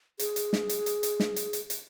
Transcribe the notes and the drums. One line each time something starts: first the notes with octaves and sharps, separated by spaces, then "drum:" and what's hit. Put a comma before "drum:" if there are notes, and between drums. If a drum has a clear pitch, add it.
G#4, drum: hi-hat
drum: hi-hat
drum: snare
drum: hi-hat
drum: hi-hat
drum: hi-hat
drum: snare
drum: hi-hat
drum: hi-hat
drum: hi-hat